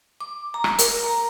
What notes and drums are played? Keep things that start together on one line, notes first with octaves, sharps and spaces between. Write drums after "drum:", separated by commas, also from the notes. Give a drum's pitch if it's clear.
D6
A#5
drum: rim click
A#4, drum: hi-hat
A#5